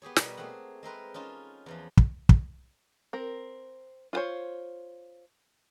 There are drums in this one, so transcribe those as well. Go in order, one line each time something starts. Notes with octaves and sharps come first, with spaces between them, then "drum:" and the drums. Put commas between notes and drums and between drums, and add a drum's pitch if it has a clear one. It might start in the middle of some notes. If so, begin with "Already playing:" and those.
B3 G4 G#4 C#5
B2 G3 A#4 B4 C#5, drum: snare
A3 A#3 C4 G#4 F#5
G#3 C4 A#4 B4
C#4 D#4 F4 A5
E2 E3 F3
drum: kick
drum: kick
C4 A#4
F4 F#4 G#4 C5 C#5